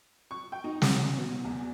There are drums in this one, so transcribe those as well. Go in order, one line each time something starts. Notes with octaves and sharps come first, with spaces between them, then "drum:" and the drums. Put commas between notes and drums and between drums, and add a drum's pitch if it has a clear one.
C#6
G5
D#4
C2, drum: snare
C#4
B2
E2